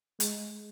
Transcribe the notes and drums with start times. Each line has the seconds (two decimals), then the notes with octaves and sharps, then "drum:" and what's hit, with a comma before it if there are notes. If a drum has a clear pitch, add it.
0.20 G#3, drum: hi-hat